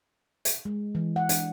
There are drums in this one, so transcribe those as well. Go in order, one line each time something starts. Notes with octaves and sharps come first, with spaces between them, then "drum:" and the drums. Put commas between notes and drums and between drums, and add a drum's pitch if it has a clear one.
drum: hi-hat
G#3
E3
F#5
D4, drum: hi-hat